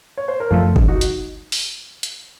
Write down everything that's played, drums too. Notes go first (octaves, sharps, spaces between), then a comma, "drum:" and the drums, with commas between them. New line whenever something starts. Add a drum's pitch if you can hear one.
C#5
C5
A#4
F#2 F3 A3 F4 A4
drum: kick
D#4 F#4
drum: hi-hat
drum: open hi-hat
drum: hi-hat